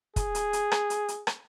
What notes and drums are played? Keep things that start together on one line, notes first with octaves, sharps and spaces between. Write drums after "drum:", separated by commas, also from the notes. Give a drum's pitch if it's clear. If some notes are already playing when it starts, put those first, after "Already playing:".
G#4, drum: kick, hi-hat
drum: hi-hat
drum: hi-hat
drum: rim click
drum: hi-hat
drum: hi-hat
drum: rim click